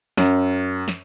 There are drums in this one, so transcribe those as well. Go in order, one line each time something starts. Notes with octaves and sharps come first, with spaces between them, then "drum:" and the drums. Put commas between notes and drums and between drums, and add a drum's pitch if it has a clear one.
F#2, drum: snare
drum: snare